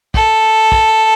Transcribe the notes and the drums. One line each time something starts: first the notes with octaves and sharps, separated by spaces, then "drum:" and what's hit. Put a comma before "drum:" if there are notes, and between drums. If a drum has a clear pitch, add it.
A4, drum: kick
drum: kick